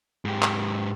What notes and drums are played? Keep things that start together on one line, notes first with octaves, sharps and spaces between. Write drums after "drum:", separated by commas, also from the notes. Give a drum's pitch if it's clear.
G#2 G4
drum: clap